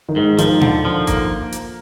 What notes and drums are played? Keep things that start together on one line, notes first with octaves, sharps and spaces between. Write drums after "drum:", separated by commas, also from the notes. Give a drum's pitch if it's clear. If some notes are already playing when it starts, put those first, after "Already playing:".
D#3
G#2
D#3 F3, drum: hi-hat
D3, drum: tom A#2
F3
A#3, drum: kick G#1, hi-hat
drum: hi-hat